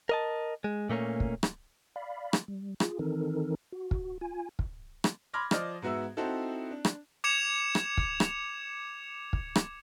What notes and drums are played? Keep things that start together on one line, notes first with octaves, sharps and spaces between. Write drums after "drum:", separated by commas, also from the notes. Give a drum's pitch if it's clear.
A#4 D#5 A5
G#3
A#2 A3 A#3 C#4
drum: kick
drum: rim click
D5 F5 B5
drum: rim click
G3
F4 G#4, drum: rim click
D#3 E3 C4 D#4 A4 A#4
F#4
drum: kick
F4 G#5
drum: kick
drum: rim click
B5 C6 D6 F6 G#6 A#6
F3 D5 D#5 D6 F6, drum: rim click
G#2 B3 F#4 E5 E6
C4 D#4 E4 F#4 A4
D4
drum: rim click
D6 G#6 C#7 E7 F7
drum: rim click
drum: kick
drum: rim click
drum: kick
drum: rim click